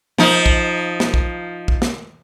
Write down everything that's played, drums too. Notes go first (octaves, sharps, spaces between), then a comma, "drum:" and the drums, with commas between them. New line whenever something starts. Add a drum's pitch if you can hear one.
F3 D#4, drum: snare
drum: kick
drum: snare
drum: kick
drum: kick
drum: snare